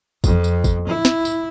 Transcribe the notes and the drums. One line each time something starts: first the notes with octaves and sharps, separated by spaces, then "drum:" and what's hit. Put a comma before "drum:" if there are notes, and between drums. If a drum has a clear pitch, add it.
F2, drum: kick, tambourine
drum: tambourine
drum: kick, tambourine
E4
drum: snare
drum: tambourine